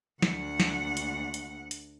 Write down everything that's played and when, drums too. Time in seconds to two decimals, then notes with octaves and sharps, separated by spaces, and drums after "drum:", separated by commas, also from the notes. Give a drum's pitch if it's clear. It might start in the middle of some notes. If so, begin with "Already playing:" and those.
0.22 D2 F#5, drum: snare
0.60 drum: snare
0.97 drum: hi-hat
1.34 drum: hi-hat
1.71 drum: hi-hat